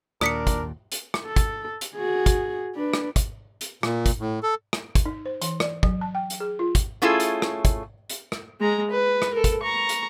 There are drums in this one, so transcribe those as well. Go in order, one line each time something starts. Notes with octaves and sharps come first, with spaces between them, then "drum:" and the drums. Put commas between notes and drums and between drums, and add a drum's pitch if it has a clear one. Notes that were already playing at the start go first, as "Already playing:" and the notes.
D#2 A#2 D4 A#4 D#6 B6 C#7, drum: rim click
drum: kick, hi-hat
drum: hi-hat
drum: rim click
A4
drum: kick, hi-hat
drum: hi-hat
F#4 G#4
drum: kick, hi-hat
D4 B4
drum: rim click
drum: kick, hi-hat
drum: hi-hat
A#2, drum: rim click
drum: kick, hi-hat
A2
A4
drum: rim click
drum: kick, hi-hat
D#4
C5
E3, drum: hi-hat
D5, drum: rim click
F#3, drum: kick
A5
G5
drum: hi-hat
G#4
F4
drum: kick, hi-hat
A3 C#4 E4 F4 G#4 A4
drum: hi-hat
drum: rim click
drum: kick, hi-hat
drum: hi-hat
drum: rim click
G#3 A#5
B4
drum: rim click
A4 A#4
drum: kick, hi-hat
A#5 C#6
drum: hi-hat